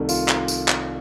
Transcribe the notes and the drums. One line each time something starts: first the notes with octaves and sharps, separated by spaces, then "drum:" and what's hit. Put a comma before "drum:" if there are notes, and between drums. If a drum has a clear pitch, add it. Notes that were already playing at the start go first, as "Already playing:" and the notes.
Already playing: C2 C3 D#3 A3
F4, drum: tambourine
drum: clap
drum: tambourine
drum: clap